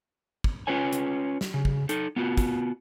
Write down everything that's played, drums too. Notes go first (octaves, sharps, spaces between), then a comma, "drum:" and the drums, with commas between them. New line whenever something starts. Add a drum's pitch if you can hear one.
drum: kick
C#4 F4 B4 C#5 G#5
drum: hi-hat
drum: snare
C#3
drum: kick
D#4 A4, drum: hi-hat
B3 F4 F#4
drum: kick, hi-hat